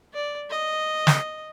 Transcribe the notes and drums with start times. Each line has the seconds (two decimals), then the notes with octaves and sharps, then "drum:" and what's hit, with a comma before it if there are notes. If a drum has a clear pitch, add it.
0.14 D5
0.50 D#5
1.07 drum: snare